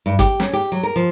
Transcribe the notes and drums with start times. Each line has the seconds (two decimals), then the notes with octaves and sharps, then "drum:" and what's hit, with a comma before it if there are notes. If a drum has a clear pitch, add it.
0.06 G2
0.19 G4, drum: kick, hi-hat
0.40 C#4, drum: snare
0.53 G4
0.72 F#3
0.83 A#4
0.96 F3